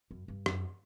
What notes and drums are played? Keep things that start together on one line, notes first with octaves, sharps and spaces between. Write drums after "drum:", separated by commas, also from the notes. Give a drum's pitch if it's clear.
F#2
G2
F#2, drum: rim click